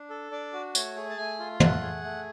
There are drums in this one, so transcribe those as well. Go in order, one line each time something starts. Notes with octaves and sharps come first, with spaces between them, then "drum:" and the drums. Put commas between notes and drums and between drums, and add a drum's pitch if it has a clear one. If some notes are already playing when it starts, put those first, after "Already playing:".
Already playing: D4
A4
D4 D5
F#4
A3 C#5, drum: tambourine
G#4
A5
A3 G#5
F4
A3 F#5, drum: tom
G#4
A3